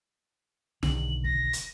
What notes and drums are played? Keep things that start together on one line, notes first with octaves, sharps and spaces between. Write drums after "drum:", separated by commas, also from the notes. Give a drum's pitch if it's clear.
B1 D3 D#3 F#7, drum: snare
A#6, drum: kick
drum: hi-hat